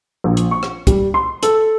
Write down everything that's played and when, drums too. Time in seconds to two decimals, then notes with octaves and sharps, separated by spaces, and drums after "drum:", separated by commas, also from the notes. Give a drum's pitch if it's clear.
0.24 A#1
0.37 drum: hi-hat
0.51 C#6
0.63 drum: rim click
0.87 G3, drum: kick, hi-hat
1.14 C6
1.43 A4, drum: hi-hat